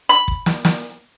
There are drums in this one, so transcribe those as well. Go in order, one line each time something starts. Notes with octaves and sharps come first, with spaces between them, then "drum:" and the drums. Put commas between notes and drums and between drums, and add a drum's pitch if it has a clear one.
B5
drum: kick
drum: snare
drum: snare